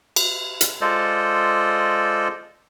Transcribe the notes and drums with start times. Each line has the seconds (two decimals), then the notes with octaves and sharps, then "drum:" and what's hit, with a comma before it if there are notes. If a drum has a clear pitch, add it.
0.16 drum: cymbal
0.61 drum: hi-hat
0.81 G#3 F4 A4 C5 D5 D#5